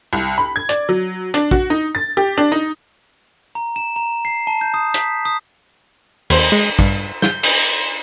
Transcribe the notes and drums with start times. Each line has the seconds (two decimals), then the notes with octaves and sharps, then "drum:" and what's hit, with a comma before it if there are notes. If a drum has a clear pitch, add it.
0.13 C2
0.38 B5
0.56 G#6
0.69 D5, drum: hi-hat
0.89 F#3
1.34 D4, drum: hi-hat
1.51 F#4, drum: kick
1.70 D#4
1.95 A6
2.17 G4
2.38 D4
2.52 D#4
3.55 A#5
3.76 E7
3.96 A#5
4.25 C7
4.47 A5
4.61 G6
4.74 D#6
4.94 B6, drum: hi-hat
5.25 D#6
6.30 D#2 C5, drum: cymbal
6.52 G#3
6.79 G2, drum: kick
7.22 G6, drum: snare
7.43 drum: cymbal